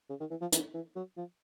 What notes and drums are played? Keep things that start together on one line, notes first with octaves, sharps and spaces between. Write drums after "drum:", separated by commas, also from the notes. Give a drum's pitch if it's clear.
C#3
D#3
E3
F3
E3, drum: hi-hat
E3
F#3
F3